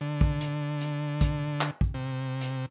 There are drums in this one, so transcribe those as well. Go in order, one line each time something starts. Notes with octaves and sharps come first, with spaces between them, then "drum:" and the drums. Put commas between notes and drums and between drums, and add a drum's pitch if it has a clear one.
D3
drum: kick
drum: hi-hat
drum: hi-hat
drum: kick, hi-hat
drum: clap
drum: kick
C3
drum: hi-hat